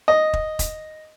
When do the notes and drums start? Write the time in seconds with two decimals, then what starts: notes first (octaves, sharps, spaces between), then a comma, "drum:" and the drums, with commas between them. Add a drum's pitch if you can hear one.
0.08 D#5
0.33 drum: kick
0.59 drum: kick, hi-hat